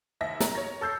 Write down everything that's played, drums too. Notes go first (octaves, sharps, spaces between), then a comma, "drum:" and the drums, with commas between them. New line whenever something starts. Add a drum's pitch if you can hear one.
D#2 D#5 E5 A#6
A#5, drum: snare
C#5 A#6
A4 E6 G6 C7